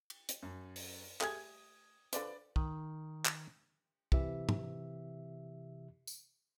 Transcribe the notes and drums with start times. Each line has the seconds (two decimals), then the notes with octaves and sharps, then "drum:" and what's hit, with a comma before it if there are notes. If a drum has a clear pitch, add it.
0.10 drum: cymbal
0.29 drum: hi-hat
0.42 F#2
0.76 drum: open hi-hat
1.21 A3 G4 G#4 D#6 G#6, drum: clap
2.13 D3 F3 B4 D5, drum: hi-hat
2.56 D#3, drum: kick
3.25 drum: clap
4.12 C3 E3 G4 E5, drum: kick
4.49 drum: tom
6.07 drum: tambourine